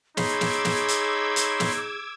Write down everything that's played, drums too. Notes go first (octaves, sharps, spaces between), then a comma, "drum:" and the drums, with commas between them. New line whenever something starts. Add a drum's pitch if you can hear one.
D#4 G#4 C#5 B5 C6 D6 E6 G#6, drum: snare
drum: snare
drum: snare
drum: hi-hat
drum: hi-hat
drum: snare